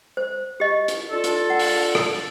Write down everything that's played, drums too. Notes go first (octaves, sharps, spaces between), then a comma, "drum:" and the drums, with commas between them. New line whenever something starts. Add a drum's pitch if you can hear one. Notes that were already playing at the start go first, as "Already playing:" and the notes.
C5
G4 D#5
drum: hi-hat
D4 F4 A4
drum: hi-hat
F#5
drum: open hi-hat
drum: rim click